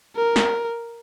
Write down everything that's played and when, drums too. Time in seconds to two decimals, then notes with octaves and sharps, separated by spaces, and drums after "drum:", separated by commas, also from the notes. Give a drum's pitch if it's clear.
0.16 A#4
0.36 drum: snare